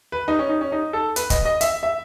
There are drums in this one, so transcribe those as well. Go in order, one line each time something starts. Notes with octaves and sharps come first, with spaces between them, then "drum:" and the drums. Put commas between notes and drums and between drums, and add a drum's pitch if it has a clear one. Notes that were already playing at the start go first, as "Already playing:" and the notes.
B4
D#4
C#4
D#4
C#4
D#4
A4
B4, drum: hi-hat
D#5, drum: kick, hi-hat
D#5
E5, drum: hi-hat
E5